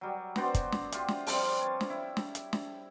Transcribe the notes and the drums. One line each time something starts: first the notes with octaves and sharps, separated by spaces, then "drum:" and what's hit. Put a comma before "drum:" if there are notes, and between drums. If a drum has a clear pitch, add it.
F#3 G3
B3 F#4 C5 D5, drum: snare
drum: kick, hi-hat
drum: snare
F4 G4 E5, drum: hi-hat
drum: snare
F3 G3 C4 D4, drum: open hi-hat
C#5 A5
drum: snare
E4
drum: snare
drum: hi-hat
drum: snare